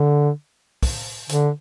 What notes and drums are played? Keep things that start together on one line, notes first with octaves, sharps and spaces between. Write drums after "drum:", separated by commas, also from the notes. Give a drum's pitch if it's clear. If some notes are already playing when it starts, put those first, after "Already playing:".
Already playing: D3
drum: kick, open hi-hat
D3, drum: hi-hat